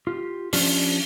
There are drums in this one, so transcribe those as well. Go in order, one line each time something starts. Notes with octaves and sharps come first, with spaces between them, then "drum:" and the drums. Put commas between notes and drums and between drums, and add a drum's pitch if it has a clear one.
F4 G4
F3 C#4 D4 F4 G4 C5, drum: open hi-hat